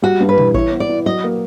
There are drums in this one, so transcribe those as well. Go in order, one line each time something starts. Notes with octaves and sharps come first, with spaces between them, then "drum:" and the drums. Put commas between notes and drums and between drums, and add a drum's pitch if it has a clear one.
G3 F#4
G2
B4
E3, drum: tom A#2
E4 C#5, drum: kick A1
B3
D5
E4
F#3 D#5
A#3